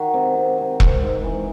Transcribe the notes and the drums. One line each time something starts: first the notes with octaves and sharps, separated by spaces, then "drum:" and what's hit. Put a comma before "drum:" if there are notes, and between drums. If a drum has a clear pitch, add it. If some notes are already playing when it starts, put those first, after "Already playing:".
Already playing: D#3 F#4
C3
C3
C3
G#2, drum: kick E1
G#2
E3